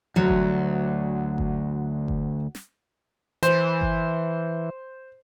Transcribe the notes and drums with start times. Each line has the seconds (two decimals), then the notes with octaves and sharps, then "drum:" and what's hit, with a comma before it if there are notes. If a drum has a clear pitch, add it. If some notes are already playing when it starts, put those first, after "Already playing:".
0.16 D2 F#3
0.28 drum: kick G1
1.38 drum: kick G1
2.08 drum: kick G1
2.55 drum: snare
3.43 E3 C5, drum: hi-hat
3.81 drum: kick G1